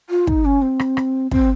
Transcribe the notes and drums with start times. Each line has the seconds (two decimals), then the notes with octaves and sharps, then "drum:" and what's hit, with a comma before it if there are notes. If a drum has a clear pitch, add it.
0.10 F4
0.27 D#4, drum: kick
0.45 C#4
0.62 C4
0.79 drum: rim click
0.97 drum: rim click
1.31 C4, drum: kick